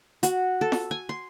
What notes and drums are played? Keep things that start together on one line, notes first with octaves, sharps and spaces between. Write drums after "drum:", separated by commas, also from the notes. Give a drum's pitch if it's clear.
F#4, drum: hi-hat
A4
drum: snare F4
G#5
C6